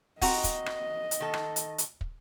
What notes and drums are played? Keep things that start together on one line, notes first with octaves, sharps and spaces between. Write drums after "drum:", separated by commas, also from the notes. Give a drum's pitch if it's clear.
C4 F#4 D#5 F#5 A#5, drum: kick, open hi-hat
drum: kick, hi-hat
drum: rim click
drum: hi-hat
D#3 A4
drum: rim click
drum: hi-hat
drum: hi-hat
drum: kick